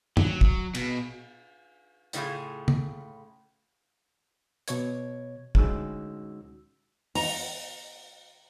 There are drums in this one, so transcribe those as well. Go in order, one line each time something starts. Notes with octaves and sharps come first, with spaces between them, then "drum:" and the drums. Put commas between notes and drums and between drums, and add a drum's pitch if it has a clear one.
F#3, drum: tom F2
drum: kick
B2, drum: cymbal
A2 C#3 A3 F4 G#4, drum: hi-hat
drum: tom C#3
B2 C#5 G#6, drum: hi-hat
D2 G#3 C#4 D#4 F#4 E6, drum: kick
A#5, drum: open hi-hat